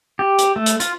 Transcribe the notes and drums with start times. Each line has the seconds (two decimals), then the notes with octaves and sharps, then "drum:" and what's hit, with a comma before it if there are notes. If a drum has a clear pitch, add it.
0.19 G4
0.38 drum: hi-hat
0.56 A3
0.66 drum: hi-hat
0.80 F4, drum: hi-hat